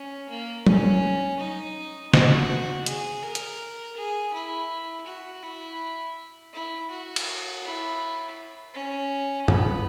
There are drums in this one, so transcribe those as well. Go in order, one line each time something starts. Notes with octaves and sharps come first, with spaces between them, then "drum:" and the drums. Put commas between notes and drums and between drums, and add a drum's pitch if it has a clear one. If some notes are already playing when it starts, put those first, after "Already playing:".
Already playing: C#4
A#3
C#4, drum: tom
D#4
F#4, drum: snare
G#4, drum: hi-hat
A#4
drum: hi-hat
G#4
E4
F#4
E4
E4
F#4
drum: cymbal
E4
C#4
B3, drum: tom F#2